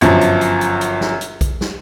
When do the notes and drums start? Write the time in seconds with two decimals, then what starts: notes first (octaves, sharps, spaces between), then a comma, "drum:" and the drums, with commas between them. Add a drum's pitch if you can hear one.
0.01 G1 F#2 F3, drum: hi-hat
0.21 drum: hi-hat
0.41 drum: hi-hat
0.61 drum: hi-hat
0.81 drum: hi-hat
1.01 drum: snare
1.21 drum: hi-hat
1.41 drum: kick A#1, hi-hat
1.61 drum: snare